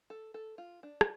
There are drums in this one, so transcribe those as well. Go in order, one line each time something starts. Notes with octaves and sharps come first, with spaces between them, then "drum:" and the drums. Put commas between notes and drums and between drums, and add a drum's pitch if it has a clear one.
A4
A4
F4
D4
drum: rim click